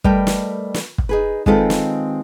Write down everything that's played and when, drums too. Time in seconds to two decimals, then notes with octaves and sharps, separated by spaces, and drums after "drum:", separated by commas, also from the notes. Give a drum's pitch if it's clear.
0.04 G3 A3 A#4 B4 D#5 G5, drum: kick
0.27 drum: snare
0.74 drum: snare
0.98 drum: kick
1.09 D#4 G#4 B4
1.46 D#3 G#3 C4 F4 A4 B4, drum: kick
1.70 drum: snare